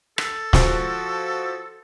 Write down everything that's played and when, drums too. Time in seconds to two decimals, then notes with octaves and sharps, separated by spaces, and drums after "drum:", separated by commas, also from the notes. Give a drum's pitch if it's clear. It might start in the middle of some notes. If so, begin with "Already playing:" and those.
0.18 A4, drum: rim click
0.53 F3 F#4, drum: snare